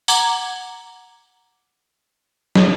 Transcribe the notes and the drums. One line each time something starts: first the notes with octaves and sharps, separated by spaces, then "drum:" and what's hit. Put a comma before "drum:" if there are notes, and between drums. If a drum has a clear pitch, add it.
F#5 A#5 D6 G#6, drum: tambourine
drum: snare